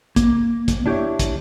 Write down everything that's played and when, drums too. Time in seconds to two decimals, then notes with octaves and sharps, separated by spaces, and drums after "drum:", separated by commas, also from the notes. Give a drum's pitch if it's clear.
0.16 A#3, drum: kick, hi-hat
0.68 drum: kick, hi-hat
0.86 D4 E4 G4 B4 C#5 E5
1.19 drum: kick, hi-hat